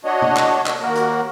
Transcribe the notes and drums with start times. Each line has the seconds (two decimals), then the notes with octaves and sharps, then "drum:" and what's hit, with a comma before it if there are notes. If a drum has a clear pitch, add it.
0.05 D4 F#4 C#5 D#5
0.22 drum: tom
0.37 drum: clap
0.66 drum: clap
0.81 D#2 A#3 F#4 A#4
0.95 drum: hi-hat